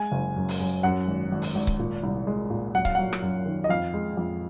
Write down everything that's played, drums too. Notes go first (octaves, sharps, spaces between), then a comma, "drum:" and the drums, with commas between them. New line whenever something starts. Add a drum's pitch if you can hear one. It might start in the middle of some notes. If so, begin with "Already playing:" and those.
Already playing: G#3 G#5
F#1
F#2
drum: open hi-hat
F#2
F#2 F#5
G#1
G#1
drum: open hi-hat
G#1
drum: kick C#1
A#2
C2
G#3
A#2
F#3 F#5
F5, drum: kick C#1
F#3 F#5
drum: rim click
F#2
D#3
D#5
F2 F5
G#3
F2